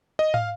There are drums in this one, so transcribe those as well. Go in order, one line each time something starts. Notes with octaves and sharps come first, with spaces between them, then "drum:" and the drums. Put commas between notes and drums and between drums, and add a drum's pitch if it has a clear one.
D#5
F5, drum: tom